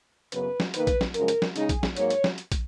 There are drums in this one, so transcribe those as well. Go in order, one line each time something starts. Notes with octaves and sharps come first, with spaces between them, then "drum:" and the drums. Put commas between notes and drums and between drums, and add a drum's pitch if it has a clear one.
F#2 C#3 F#3 B3 B4, drum: hi-hat
drum: snare
D#3 A#3 D#4 B4, drum: hi-hat
drum: kick, hi-hat
drum: snare
F#2 C#3 F3 G#3 A#4, drum: hi-hat
drum: hi-hat
drum: snare
C#3 G#3 D#4 G#4, drum: hi-hat
drum: kick, hi-hat
drum: snare
G#2 F#3 A#3 C#5, drum: hi-hat
drum: hi-hat
drum: snare
drum: hi-hat
drum: kick, hi-hat